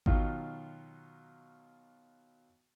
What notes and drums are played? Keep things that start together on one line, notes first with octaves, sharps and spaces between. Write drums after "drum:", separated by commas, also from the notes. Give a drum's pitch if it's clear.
B2 D#3 F#3 F4, drum: kick G#1